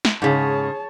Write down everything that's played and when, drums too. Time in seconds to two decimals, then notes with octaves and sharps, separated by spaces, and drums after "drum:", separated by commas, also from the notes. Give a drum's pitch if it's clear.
0.05 drum: snare
0.22 G#2 C#3 G#4 C#5 A5